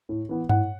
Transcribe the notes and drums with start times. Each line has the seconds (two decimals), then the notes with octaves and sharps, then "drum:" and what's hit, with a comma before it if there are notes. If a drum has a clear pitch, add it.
0.09 A2
0.29 E3 B3
0.49 A2 F#5, drum: tom G2